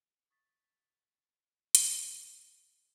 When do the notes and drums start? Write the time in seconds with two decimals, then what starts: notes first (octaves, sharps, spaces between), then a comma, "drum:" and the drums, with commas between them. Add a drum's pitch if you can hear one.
0.30 C#6 D#6 A6 B6
1.75 drum: hi-hat